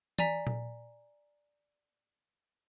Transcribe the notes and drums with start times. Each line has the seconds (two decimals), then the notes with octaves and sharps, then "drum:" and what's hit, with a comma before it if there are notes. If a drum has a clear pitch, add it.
0.19 D5 G#5 A#5 B6, drum: tom
0.47 drum: tom A#2